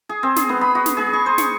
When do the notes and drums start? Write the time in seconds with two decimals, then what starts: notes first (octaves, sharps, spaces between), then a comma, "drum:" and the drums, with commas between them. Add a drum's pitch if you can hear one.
0.09 G#4
0.23 C4
0.36 G#4, drum: snare
0.49 B3
0.61 B5
0.75 F#4
0.86 drum: snare
0.97 G#4
1.13 C#6
1.26 C5
1.38 C#6, drum: snare